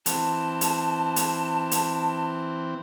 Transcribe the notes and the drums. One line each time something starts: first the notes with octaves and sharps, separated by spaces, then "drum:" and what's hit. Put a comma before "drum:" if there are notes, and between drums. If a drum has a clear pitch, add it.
E3 C4 A5, drum: hi-hat
drum: hi-hat
drum: hi-hat
drum: hi-hat